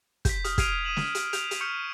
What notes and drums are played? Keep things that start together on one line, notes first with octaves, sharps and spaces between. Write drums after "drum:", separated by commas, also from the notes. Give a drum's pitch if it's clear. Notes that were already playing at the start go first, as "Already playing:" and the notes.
G6 B6, drum: kick, hi-hat
D#6 F6, drum: hi-hat
F6 G#6 C7 D7 D#7 F7, drum: kick, hi-hat
D#6 D#7 E7 F#7
drum: snare
drum: hi-hat
G6 F7, drum: hi-hat
drum: hi-hat
C#6 F6 G6 C#7